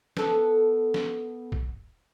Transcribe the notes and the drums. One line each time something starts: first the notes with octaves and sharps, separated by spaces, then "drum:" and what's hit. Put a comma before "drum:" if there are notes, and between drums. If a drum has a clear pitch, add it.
B3 A4, drum: snare
drum: snare
drum: kick